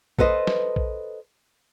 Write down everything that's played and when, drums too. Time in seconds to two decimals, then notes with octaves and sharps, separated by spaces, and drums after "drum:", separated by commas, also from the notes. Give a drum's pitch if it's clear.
0.19 A4 B4 C5 D#5, drum: kick A#1
0.47 drum: snare
0.76 drum: kick A#1